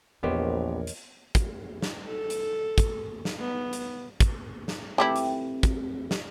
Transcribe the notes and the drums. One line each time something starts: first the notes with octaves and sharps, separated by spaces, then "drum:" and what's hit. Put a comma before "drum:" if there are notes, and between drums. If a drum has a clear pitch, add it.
A#1 E2 B3 G4 A#4 C5 C#5 D#5
drum: hi-hat
drum: kick, hi-hat
drum: snare
A4
drum: hi-hat
drum: kick, hi-hat
drum: snare
B3
drum: hi-hat
drum: kick, hi-hat
drum: snare
E3 A3 C4 E4 G4
drum: hi-hat
drum: kick, hi-hat
drum: snare